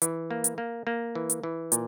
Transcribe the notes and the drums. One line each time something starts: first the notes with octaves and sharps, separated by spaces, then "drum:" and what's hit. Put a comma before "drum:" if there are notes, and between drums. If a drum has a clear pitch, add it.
E3, drum: hi-hat
A#3
drum: hi-hat
A#3
A#3
E3
drum: hi-hat
E3
A#2, drum: hi-hat